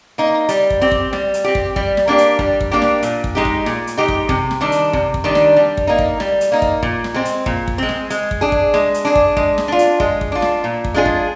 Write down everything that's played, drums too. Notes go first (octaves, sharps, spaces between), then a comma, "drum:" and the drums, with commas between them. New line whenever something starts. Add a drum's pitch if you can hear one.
A#3 D#4
G3, drum: hi-hat
drum: kick
C4 G4
drum: kick
G3, drum: snare
drum: hi-hat
C4 G4
drum: kick
G3, drum: kick
drum: snare
A#3 D4 G4
drum: hi-hat
G3, drum: kick
drum: kick
A#3 D4 G4
drum: snare
A#2, drum: hi-hat
drum: kick
G#3 D#4 G4
drum: kick
A#2, drum: snare
drum: hi-hat
G#3 D#4 G4
drum: kick
C3, drum: kick
drum: snare
D#3 G3 D4
drum: hi-hat
C3, drum: kick
drum: kick
D#3 G3 D4
drum: snare
G3
drum: kick
A#3 D#4
drum: kick
G3, drum: snare
drum: hi-hat
A#3 D#4
drum: kick
A#2, drum: kick
drum: snare
G#3 C4
drum: hi-hat
A#2, drum: kick
drum: kick
G#3 C4
drum: snare
G#3, drum: hi-hat
drum: kick
D4 G#4
drum: kick
G#3, drum: snare
drum: hi-hat
D4 G#4
drum: kick
G#3, drum: kick
drum: snare
D4 F4
drum: hi-hat
G#3, drum: kick
drum: kick
D4 F4
drum: snare
A#2
drum: kick
G#3 D4 F4 G#4
drum: kick